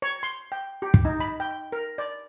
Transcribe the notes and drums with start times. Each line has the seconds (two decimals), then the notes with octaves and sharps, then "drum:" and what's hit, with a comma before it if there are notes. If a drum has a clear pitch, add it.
0.02 C#5
0.23 C6
0.52 G5
0.82 G4
0.94 drum: kick
1.05 D#4
1.20 B5
1.40 G5
1.72 A#4
1.98 D5